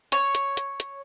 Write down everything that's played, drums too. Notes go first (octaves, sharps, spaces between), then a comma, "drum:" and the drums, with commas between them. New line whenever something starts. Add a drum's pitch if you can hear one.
C#5, drum: hi-hat
drum: hi-hat
drum: hi-hat
drum: hi-hat